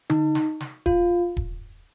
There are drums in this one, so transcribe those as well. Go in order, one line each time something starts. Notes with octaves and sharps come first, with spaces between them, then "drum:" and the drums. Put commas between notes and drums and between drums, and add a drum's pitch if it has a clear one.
D#4, drum: tom D3
drum: snare
drum: snare
F4, drum: kick D#1
drum: kick D#1